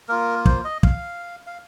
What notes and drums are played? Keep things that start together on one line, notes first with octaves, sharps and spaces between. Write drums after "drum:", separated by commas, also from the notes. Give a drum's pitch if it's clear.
A#3 F4 A#4
C5, drum: kick
D#5
F5, drum: kick
F5